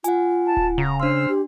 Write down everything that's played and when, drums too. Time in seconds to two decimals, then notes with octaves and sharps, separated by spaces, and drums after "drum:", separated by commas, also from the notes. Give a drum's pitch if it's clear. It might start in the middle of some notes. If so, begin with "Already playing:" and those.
0.04 F4 F#5 G#5, drum: hi-hat
0.44 A5
0.57 drum: kick D1
0.78 C#3 A#5
1.00 D4 C5 C6 E6 F6
1.29 G4